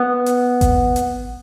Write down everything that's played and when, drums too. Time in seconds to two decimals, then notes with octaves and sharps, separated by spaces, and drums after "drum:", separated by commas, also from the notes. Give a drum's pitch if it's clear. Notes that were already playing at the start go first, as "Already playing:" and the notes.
Already playing: B3
0.26 drum: hi-hat
0.61 drum: kick G#1, hi-hat
0.96 drum: hi-hat